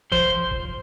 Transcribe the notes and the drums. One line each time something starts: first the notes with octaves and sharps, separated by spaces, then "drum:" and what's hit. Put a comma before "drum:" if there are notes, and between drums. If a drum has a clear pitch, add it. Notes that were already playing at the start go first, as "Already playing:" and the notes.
F3 C5, drum: kick
drum: kick